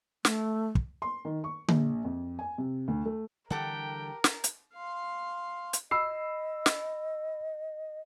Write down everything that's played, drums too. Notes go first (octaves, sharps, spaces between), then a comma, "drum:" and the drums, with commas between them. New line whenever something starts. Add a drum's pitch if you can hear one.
A3, drum: snare
drum: kick
C6
D#3
C#6
A#1, drum: tom D3
F2
G#5
C3
D2
A3
D3 E3 G3 G4 A4 A#4 F#5 G5
drum: snare
drum: hi-hat
F5 C6
drum: hi-hat
D#5 B5 E6 C7
drum: snare